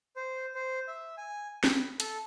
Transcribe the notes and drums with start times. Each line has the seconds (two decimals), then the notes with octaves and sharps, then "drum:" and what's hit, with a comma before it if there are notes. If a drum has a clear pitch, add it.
0.16 C5
0.55 C5
0.88 E5
1.17 G#5
1.64 B5, drum: snare
2.00 A4, drum: hi-hat